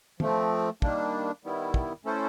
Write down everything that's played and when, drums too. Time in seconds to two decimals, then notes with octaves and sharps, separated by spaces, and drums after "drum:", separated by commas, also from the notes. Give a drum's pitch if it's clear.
0.20 F3 A3 C4, drum: tom
0.82 D#3 G3 A#3 D4, drum: kick
1.44 D#3 G3 B3 E4
1.74 drum: kick
2.05 A3 C#4 E4 A4 C5